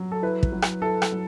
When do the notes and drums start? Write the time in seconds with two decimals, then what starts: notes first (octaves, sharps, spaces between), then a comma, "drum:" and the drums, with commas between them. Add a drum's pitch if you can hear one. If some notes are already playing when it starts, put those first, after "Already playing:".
Already playing: F#3
0.12 A4
0.22 E4 B4
0.43 drum: kick
0.52 F#3
0.62 drum: rim click
0.81 E4 A4
1.02 drum: rim click
1.12 F#3